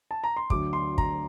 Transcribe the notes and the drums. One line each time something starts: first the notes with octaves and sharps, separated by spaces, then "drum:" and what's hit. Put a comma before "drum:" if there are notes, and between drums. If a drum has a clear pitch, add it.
A5
A#5
C6
D2 D3 F#3 D6, drum: kick
C6
A#5, drum: kick